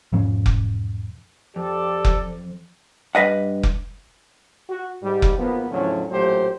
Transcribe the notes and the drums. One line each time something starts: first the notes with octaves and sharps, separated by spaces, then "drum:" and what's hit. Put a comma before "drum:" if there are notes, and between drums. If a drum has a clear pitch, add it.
E1 G#2 F3 C#4
drum: kick F1
F2 G4 A4 D5
drum: kick F1
G2 B4 D#5 F#5
drum: kick F1
F#4
G#2 G3
drum: kick F1
G#1 F3 A#3 B3
E2 A2 D3 F3 F#3 C#4
A1 A#2 F#3 A3 G4 C5